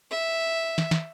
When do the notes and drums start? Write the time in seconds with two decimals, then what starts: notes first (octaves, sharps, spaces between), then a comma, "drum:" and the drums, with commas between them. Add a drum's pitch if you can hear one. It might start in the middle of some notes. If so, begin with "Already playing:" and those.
0.11 E5
0.78 drum: snare
0.91 drum: snare